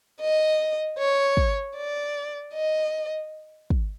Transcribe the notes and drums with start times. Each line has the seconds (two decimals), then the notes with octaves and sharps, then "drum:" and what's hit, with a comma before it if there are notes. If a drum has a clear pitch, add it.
0.21 D#5
0.98 C#5
1.37 drum: kick
1.76 D5
2.54 D#5
3.70 drum: kick